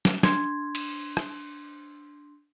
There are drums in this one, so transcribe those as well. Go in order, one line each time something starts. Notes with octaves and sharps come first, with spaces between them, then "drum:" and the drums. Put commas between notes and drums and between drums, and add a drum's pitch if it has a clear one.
drum: snare
D4 C6 G#6, drum: snare
drum: cymbal
drum: rim click